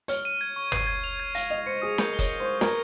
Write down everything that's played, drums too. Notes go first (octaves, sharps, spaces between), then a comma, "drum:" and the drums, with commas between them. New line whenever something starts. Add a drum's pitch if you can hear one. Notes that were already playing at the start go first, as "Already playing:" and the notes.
C#5 F6, drum: hi-hat
D#7
G#6
C#6
C7, drum: tom
G#6
F7
G#6
F5 A#6, drum: hi-hat
D#5 F7
C5 C#7
G#4 D#6
A#4 G6, drum: snare
G7
C#5, drum: kick F#1, hi-hat
C#7
C5
C#6
A#4 G#6, drum: snare